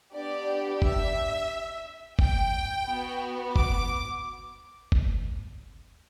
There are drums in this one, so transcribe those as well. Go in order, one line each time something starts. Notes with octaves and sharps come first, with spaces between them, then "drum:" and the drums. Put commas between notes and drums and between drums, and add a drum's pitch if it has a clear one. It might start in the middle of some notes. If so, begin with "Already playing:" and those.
B3 D4 G4 D5
E5, drum: kick
G5, drum: kick
B3 F#4
D6, drum: kick
drum: kick